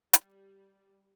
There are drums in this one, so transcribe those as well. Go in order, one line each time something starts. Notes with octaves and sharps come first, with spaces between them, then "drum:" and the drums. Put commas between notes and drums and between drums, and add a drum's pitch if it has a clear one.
G3, drum: hi-hat